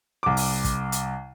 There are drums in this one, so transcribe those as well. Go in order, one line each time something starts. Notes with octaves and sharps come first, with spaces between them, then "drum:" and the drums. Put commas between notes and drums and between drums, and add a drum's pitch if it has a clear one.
C2 D6
drum: open hi-hat
drum: kick, hi-hat
drum: hi-hat